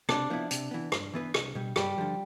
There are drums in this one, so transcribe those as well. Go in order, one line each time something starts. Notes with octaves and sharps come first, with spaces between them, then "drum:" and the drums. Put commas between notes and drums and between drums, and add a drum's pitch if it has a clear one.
C3 D4, drum: rim click
F3 B3 E4
C3, drum: hi-hat
E3 B3
G2, drum: rim click
E3 B3 E4 B4
C2, drum: rim click
B2 G3
G2 G3, drum: rim click
D3 F3